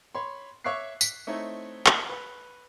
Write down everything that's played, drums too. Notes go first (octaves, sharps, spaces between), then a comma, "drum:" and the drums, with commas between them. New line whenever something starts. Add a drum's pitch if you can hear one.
C#5 B5 C6
C#5 E5 C#6 D6 F#6 C7
B6, drum: tambourine
A3 C4 D#4 E4 C#5
drum: clap
B4